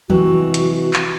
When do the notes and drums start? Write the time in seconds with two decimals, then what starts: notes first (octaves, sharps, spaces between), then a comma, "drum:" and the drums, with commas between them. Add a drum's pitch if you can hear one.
0.10 C3 E3 G#3 F#4, drum: tom F3
0.54 drum: hi-hat
0.93 drum: clap